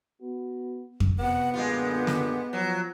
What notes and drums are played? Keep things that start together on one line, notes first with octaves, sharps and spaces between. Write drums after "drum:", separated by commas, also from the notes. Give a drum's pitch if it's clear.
B3 F#4
drum: kick F2
C3 B3 F#5
F#2 A#2 D3 G#3 F4 G4
drum: snare
F3 F#3